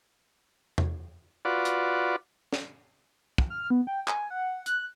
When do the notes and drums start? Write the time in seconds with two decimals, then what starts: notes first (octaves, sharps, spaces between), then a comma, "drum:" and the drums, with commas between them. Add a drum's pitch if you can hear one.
0.78 drum: tom E2
1.45 F4 F#4 B4 D5
1.65 drum: hi-hat
2.53 drum: snare
3.38 drum: kick
3.50 F6
3.70 B3
3.87 G5
4.08 G#5, drum: clap
4.30 F#5
4.66 F#6, drum: hi-hat